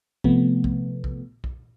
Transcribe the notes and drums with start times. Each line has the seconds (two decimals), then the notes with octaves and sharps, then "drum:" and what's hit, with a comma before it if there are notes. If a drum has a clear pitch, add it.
0.24 C3 F3 A3 B3, drum: kick B1
0.64 drum: kick B1
1.04 drum: kick B1
1.44 drum: kick B1